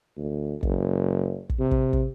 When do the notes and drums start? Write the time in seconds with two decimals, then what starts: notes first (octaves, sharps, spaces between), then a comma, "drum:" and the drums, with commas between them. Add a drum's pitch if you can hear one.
0.17 D2
0.63 F#1, drum: kick
1.49 drum: kick
1.59 C3
1.71 drum: kick
1.93 drum: kick